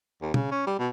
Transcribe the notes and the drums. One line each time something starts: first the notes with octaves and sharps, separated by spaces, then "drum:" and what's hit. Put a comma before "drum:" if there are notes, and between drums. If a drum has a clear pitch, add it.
D#2
C#3, drum: tom
C#4
G3
B2